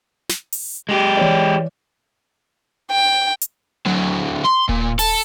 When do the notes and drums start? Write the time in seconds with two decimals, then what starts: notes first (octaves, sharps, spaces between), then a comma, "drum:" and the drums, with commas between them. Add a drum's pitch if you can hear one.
0.29 drum: snare
0.52 drum: open hi-hat
0.89 G#3 G4
1.17 E3 C#5 D5
2.91 G5
3.41 drum: hi-hat
3.86 D3 F#3
4.44 C6
4.69 A#2, drum: kick D#1
4.99 A4, drum: open hi-hat